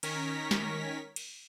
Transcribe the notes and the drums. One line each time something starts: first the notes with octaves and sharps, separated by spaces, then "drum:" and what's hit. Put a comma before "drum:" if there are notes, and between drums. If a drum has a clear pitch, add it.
D#3 C#4 A#4 C#5 A#6 B6, drum: cymbal
drum: snare
drum: cymbal